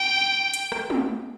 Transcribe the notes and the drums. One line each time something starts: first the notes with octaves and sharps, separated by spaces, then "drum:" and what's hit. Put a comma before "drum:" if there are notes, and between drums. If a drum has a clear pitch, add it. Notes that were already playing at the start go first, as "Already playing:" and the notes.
Already playing: G5
drum: hi-hat
drum: rim click
drum: tom